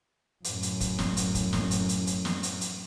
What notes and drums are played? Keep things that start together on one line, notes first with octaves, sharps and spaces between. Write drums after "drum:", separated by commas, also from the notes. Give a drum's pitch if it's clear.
F#2 A2, drum: hi-hat
drum: hi-hat
drum: kick, hi-hat
drum: snare
drum: hi-hat
drum: kick, hi-hat
drum: snare
drum: hi-hat
drum: hi-hat
drum: hi-hat
drum: snare
drum: hi-hat
drum: hi-hat